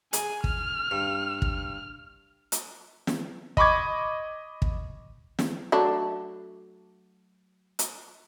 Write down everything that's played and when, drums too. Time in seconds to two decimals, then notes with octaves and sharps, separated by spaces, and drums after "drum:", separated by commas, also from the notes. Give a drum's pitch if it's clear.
0.13 G#4 G#5, drum: hi-hat
0.44 F6, drum: kick
0.91 G2
1.42 F6, drum: kick
2.52 drum: hi-hat
3.07 drum: snare
3.57 D#5 B5 C#6 D6 G#6, drum: kick
4.62 drum: kick
5.39 drum: snare
5.72 F#3 A3 D4
7.79 drum: hi-hat